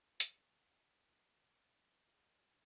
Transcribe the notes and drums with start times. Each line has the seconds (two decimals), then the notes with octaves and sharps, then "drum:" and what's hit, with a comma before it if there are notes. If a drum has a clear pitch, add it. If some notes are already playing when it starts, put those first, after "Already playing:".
0.20 A3, drum: hi-hat
0.29 G4
0.37 B2
0.42 F#4
0.54 F#3 F4
0.71 B2
0.88 A3
1.05 B2
1.22 F#3
1.39 B2
1.56 G3
1.73 G2
1.91 E3
2.08 A#3
2.14 G#4
2.24 G3 G4